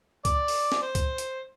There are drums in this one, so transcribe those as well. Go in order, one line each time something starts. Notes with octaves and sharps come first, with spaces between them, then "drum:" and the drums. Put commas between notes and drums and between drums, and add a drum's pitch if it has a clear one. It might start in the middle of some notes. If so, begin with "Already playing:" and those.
D5, drum: kick, hi-hat
drum: open hi-hat
drum: snare
C5
drum: kick, hi-hat
drum: hi-hat